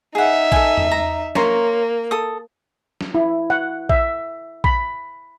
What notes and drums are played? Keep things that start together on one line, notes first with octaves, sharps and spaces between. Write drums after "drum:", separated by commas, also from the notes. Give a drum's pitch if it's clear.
D#4 G#4 E5 F#5
A4 G#5, drum: kick A#1
drum: tom E2
A#5
A#3 C#5 A#5 C6, drum: snare
A4 D#6
drum: snare
E4
F#5
E5, drum: kick A#1
B5, drum: kick A#1